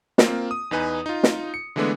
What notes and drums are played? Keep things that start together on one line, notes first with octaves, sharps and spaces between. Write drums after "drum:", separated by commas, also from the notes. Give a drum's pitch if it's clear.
A#3 C4 F4, drum: snare
D#6
E2 D#4 B4 G#5
D#4 F4
drum: snare
C#7
D3 E3 G#3 A3 B3 D4